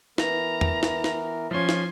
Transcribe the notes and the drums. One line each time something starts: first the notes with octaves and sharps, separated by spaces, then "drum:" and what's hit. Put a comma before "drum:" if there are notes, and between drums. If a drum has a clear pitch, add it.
E3 B3 A#4 A#5, drum: snare
drum: tom E2
drum: snare
drum: snare
F3 C#4 C6 G#6
drum: snare